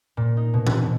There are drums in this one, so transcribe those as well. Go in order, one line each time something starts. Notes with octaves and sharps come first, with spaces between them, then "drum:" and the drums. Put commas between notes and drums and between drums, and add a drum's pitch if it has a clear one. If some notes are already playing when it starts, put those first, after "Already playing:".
A#2
D#4
B2
drum: tom E3
B2